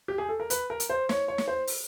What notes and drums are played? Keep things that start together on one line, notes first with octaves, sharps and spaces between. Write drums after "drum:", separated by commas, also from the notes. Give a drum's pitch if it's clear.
G4
G#4
A4
A#4
B4, drum: hi-hat
A#4
drum: hi-hat
C5
C#5, drum: snare
C#5
drum: snare
C5
drum: open hi-hat